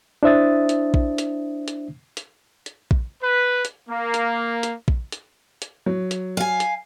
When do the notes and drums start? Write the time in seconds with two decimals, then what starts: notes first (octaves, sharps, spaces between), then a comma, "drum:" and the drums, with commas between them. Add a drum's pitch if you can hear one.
0.23 D4 E4 C5 E5 D#6 A6
0.69 drum: hi-hat
0.94 drum: kick A#1
1.18 drum: hi-hat
1.68 drum: hi-hat
2.17 drum: hi-hat
2.66 drum: hi-hat
2.91 drum: kick A#1
3.23 B4
3.65 drum: hi-hat
3.89 A#3
4.14 drum: hi-hat
4.63 drum: hi-hat
4.88 drum: kick A#1
5.12 drum: hi-hat
5.62 drum: hi-hat
5.86 F#3
6.11 drum: hi-hat
6.37 F5 G#5
6.60 drum: hi-hat